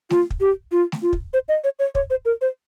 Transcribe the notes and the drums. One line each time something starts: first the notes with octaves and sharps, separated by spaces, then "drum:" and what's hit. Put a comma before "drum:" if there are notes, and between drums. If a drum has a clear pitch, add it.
F4, drum: snare A3
drum: kick
G4
F4
drum: snare A3
F4
drum: kick
C5
D#5
C#5
C#5
C#5, drum: kick
C5
A#4
C5